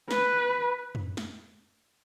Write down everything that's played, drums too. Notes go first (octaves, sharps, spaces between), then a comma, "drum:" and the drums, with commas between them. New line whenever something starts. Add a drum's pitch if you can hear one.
B4, drum: snare
drum: tom
drum: snare